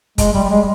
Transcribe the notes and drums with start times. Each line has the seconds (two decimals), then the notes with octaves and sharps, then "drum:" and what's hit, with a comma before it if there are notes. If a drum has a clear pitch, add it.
0.18 G#3, drum: kick, hi-hat
0.33 G3
0.44 G3
0.50 G#3